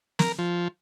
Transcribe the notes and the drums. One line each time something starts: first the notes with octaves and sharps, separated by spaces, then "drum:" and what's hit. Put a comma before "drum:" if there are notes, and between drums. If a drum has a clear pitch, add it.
A#4, drum: snare
F3